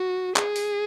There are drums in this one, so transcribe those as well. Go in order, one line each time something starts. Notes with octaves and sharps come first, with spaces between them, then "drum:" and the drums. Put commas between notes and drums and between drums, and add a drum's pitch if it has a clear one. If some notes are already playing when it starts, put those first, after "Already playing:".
Already playing: F#4
G#4, drum: clap
drum: open hi-hat